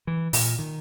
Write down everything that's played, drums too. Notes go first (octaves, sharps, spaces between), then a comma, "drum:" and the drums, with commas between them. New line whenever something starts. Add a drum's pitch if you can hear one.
E3
A#2, drum: open hi-hat
D#3